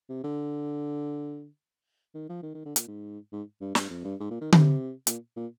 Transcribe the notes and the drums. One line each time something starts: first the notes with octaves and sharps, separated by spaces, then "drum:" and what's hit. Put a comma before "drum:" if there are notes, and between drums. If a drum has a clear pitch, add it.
C3
D3
D#3
F3
D#3
D#3
D3
A#2, drum: hi-hat
G#2
G#2
G2
G2, drum: snare
F2
G2
G#2
A#2
D#3
C3, drum: tom D3
A#2, drum: hi-hat
A#2